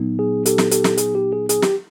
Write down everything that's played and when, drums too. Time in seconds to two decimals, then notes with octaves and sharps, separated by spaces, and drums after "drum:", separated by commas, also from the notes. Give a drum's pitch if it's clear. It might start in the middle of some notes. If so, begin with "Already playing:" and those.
Already playing: A#2 F#3 B3 D#4
0.19 G#4
0.46 G4 A4, drum: hi-hat
0.58 drum: snare
0.71 G4 A4, drum: hi-hat
0.84 drum: snare
0.97 G#4, drum: hi-hat
1.15 G4
1.33 G#4
1.49 G#4, drum: hi-hat
1.62 G4, drum: snare